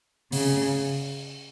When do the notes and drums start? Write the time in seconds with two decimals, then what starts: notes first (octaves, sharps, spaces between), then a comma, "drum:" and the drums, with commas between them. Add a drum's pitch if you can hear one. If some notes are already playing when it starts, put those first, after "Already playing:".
0.32 C#3, drum: open hi-hat